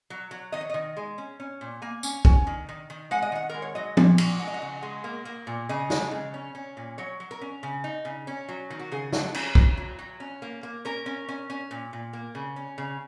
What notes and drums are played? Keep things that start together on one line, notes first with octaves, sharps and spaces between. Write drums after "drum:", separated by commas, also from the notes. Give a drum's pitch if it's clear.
F#3
F#3
D#3 D#5
C#5
D#3 D#5
G#3
C#4
C#4
A#2
A#3 G#5
C#4, drum: tambourine
C#4, drum: kick
D#3
D#3
D#3
G#3 F#5
D#5
D#3 F#5
G#3 A#4
C#5
F#3 D#5
A#2, drum: tom F3
A#2, drum: cymbal
G#3 F#5
D#5
F#5
C#3
G#3
A#3
A#3
A#2
C#3 D#5
G#3, drum: snare
C#3
C#4
C#4
A#2
F#3 C#5
F#3
A#4
C#4
C#3
D#4
C#3
C#4
F#3
D#3
F#4
C#3 G#4
F#3, drum: snare
C#4, drum: cymbal
C#4, drum: kick
F#3
F#3
C#4
A#3
A#3
C#4 A#4
C#4
C#4
C#4
A#2
A#2
A#3
C#3
C#4
C#3